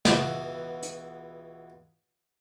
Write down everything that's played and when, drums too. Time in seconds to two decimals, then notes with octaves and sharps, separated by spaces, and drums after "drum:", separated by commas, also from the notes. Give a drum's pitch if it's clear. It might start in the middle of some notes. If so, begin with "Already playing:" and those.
0.05 C#2 B2 E3 B3 F#4 F5, drum: snare
0.82 drum: hi-hat